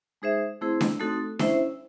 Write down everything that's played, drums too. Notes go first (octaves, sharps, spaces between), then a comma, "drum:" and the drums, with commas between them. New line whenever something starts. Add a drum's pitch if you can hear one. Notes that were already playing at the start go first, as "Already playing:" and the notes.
G#3 D#4 G#4 C5 E5
A3 C4 E4 G#4 C5
drum: snare D4
A3 C4 D#4 F#4 A4
C#4 E4 C5 E5, drum: snare D4